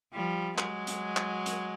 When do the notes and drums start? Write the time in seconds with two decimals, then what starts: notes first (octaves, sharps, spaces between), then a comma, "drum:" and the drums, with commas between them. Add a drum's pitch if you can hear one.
0.14 F3 G3
0.58 F#3 G#3, drum: clap
0.87 drum: hi-hat
1.17 drum: clap
1.46 drum: hi-hat